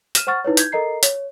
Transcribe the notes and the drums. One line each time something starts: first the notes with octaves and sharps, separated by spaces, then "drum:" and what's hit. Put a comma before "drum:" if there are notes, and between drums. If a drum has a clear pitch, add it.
F6 D#7 E7, drum: hi-hat
C5 F#5 C#6 F6 A6
D#4 E4 B4 C#5
G6 G#6, drum: hi-hat
A4 A#4 D#5 A#5 C7
C#5, drum: hi-hat